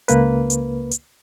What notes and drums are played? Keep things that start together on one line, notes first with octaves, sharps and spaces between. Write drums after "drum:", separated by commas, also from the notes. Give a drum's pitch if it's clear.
C#2 A#3 B4, drum: hi-hat
drum: hi-hat
drum: hi-hat